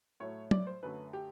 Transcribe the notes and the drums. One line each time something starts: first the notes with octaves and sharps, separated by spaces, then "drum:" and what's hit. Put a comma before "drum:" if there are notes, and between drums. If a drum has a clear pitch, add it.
A2 F#3 A3 C#5
D5, drum: tom
C5
F#2 D3 F#3 A3 B4
G4